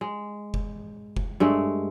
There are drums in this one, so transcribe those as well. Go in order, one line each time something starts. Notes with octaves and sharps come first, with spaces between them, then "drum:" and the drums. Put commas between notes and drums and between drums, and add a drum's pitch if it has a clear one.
G#3
drum: kick F1
drum: kick F1
G2 G#3 A3